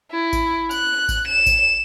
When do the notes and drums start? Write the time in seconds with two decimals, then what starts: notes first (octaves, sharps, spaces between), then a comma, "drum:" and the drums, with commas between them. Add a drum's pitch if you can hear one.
0.11 E4
0.33 drum: kick G#1, tambourine
0.71 F#6, drum: tambourine
1.09 drum: kick G#1, tambourine
1.28 E7
1.47 drum: kick G#1, tambourine